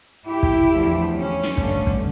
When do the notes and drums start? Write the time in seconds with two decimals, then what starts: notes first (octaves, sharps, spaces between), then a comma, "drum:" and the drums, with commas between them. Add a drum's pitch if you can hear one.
0.28 E4 G4
0.43 drum: kick
0.71 E2 D3 F3 A3
1.15 C#4
1.43 drum: snare
1.57 G2 D3 A3, drum: kick
1.87 drum: kick